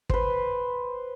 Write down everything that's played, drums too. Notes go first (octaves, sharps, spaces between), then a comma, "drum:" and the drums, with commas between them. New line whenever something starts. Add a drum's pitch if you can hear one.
B4 C5, drum: kick